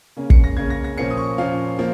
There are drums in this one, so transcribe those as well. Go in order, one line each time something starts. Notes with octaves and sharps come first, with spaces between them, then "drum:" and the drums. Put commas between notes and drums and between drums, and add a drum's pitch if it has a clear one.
C#3 A#3 C#4
C#7, drum: kick
A#6
C#3 A#3 C#4 G#6
A#6
A#6
A#2 F3 A#3 C#4 C#7
D#6
C#6
A#2 F3 A#3 C#4 F5
F3 A#3